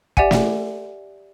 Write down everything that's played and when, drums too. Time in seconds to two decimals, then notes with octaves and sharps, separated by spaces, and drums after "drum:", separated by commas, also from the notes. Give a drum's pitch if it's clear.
0.17 G4 D5 E5 F#5 G#5, drum: kick
0.31 drum: snare